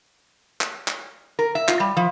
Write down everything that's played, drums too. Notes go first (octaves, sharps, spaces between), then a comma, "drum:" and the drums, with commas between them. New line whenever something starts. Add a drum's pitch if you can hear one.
drum: clap
drum: clap
A#4
E5
F4, drum: clap
G3
F3